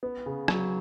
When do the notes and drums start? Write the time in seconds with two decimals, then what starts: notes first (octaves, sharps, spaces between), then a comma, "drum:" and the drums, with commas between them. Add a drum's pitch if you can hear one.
0.03 B3
0.26 C#3
0.48 F#3, drum: rim click